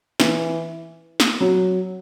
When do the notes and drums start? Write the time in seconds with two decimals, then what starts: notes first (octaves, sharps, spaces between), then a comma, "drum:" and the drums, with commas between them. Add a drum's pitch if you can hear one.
0.20 E3, drum: snare
1.20 drum: snare
1.40 F#3